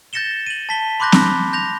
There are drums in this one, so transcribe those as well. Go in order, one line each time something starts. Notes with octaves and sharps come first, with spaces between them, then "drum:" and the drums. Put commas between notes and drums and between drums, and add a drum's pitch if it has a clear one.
G6 A6 A#6 C#7 E7 G7
D#7 F#7
A5 B6 G7
B5 C6 D6 F#6 G6 A#6
drum: snare C4
G6 A#6 F7